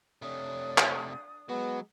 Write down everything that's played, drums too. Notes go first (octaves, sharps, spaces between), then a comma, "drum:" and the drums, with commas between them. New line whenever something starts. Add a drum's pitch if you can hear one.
C3 A3 D4 C#5 D5 D#6
drum: clap
F#3 G#3 B3